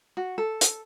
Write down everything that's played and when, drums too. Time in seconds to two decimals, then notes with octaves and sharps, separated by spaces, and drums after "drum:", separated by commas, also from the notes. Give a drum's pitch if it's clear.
0.17 F#4
0.38 A4
0.61 drum: hi-hat